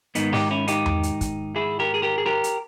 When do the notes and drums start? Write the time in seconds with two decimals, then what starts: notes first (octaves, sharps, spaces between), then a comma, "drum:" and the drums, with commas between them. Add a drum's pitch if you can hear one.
0.15 G#2 D#3 B3 D#4, drum: hi-hat
0.33 D#4 G4, drum: snare
0.51 C#4 E4
0.68 D#4 G4, drum: hi-hat
0.86 drum: tom E2
1.03 drum: hi-hat
1.21 drum: kick, hi-hat
1.56 E4 G#4
1.80 G4 A#4
1.94 G#4
2.02 G4 A#4
2.18 G#4
2.26 G4 A#4
2.44 drum: hi-hat